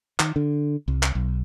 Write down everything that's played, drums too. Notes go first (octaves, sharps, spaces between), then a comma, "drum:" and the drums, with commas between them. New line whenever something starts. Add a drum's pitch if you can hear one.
D#3, drum: clap
D3
C2
drum: clap
B1